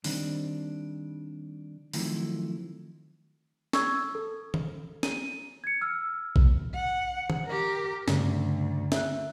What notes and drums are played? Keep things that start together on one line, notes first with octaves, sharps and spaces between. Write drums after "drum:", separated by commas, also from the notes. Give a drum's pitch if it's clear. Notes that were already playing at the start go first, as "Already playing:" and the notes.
D#3 G3 C4 D4, drum: open hi-hat
D#3 F3 F#3 A3 C4 E4, drum: open hi-hat
C#6 E6 G#6, drum: snare
A4
drum: tom D#3
D#7, drum: snare
G#6 C#7
E6 F6
drum: kick B1
F#5
drum: tom D#3
G4 A#4
D2 G2 C#3, drum: snare
E5 F#6, drum: snare